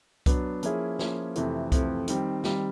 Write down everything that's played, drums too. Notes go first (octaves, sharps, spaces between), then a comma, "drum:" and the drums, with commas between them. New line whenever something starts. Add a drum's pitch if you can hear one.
F#3 B3 D4, drum: kick C2, hi-hat
F3 A#3 C#4 E4 G#4, drum: hi-hat
F3 A#3 C#4 E4 G#4, drum: snare
F2 C3 E3 A3, drum: hi-hat
F2 C3 E3 A3, drum: kick C2, hi-hat
D#3 G3 C4, drum: hi-hat
D#3 G3 C4, drum: snare